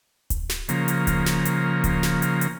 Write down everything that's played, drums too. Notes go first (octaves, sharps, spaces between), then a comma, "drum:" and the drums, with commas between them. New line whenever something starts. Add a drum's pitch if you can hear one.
drum: kick D1, hi-hat
drum: snare
C#3 F3 A#3, drum: hi-hat
drum: hi-hat
drum: kick D1, hi-hat
drum: snare
drum: hi-hat
drum: kick D1, hi-hat
drum: snare
drum: hi-hat
drum: hi-hat